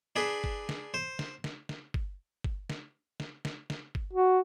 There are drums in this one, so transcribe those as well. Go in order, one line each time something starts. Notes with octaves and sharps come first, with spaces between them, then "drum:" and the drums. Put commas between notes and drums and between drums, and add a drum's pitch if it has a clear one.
D4 G#4 B4
drum: kick G1
drum: snare
C5
drum: snare
drum: snare
drum: snare
drum: kick G1
drum: kick G1
drum: snare
drum: snare
drum: snare
drum: snare
drum: kick G1
F#4